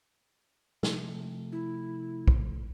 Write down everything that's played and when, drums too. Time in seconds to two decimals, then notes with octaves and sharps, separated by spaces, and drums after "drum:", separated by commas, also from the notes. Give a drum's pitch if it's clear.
0.83 C3 F3 A3, drum: snare
1.52 E4
2.28 drum: kick